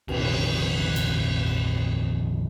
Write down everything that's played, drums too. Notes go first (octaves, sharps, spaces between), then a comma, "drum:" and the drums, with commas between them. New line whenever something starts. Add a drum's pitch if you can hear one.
A#1 F2 C3 D#3, drum: cymbal
drum: hi-hat